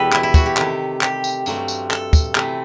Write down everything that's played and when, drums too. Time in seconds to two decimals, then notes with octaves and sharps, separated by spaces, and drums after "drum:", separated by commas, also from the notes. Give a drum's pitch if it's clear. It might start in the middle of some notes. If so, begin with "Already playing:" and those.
Already playing: E2 B2 G3 B3 G4 A4 B4
0.13 E4, drum: clap
0.23 E4
0.34 F#4, drum: kick, tambourine
0.46 G4
0.57 C3 D#3 A3 G4, drum: clap
1.01 G4, drum: clap
1.24 drum: tambourine
1.46 G2 F#3 A3 C4, drum: tambourine
1.68 drum: tambourine
1.91 A4, drum: clap
2.13 drum: kick, tambourine
2.35 C3 E3 A3 C4, drum: clap